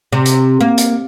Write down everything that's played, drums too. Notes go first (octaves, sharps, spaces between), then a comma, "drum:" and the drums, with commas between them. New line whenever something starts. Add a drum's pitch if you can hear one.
C3
drum: hi-hat
A#3
drum: hi-hat